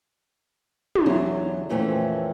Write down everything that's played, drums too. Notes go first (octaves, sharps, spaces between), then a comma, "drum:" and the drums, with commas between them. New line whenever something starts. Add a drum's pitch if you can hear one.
drum: tom
E2 D3 F#3
F2 A#2 E3 A3 C4 C#4